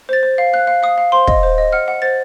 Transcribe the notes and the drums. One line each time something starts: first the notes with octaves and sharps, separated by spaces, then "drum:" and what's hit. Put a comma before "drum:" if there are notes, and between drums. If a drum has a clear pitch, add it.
C5 A6
C5
F5
F5 F#6
F5
F5 D#6
F5
C5 C6
D#5, drum: kick
C5
D#5
F#5 F6
F#5
C5 A6